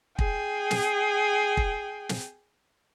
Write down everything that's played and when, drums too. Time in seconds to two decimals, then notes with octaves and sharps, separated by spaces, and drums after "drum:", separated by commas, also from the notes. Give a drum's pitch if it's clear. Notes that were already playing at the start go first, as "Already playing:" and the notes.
0.19 G#4 G5, drum: kick
0.71 drum: snare
1.57 drum: kick
2.09 drum: snare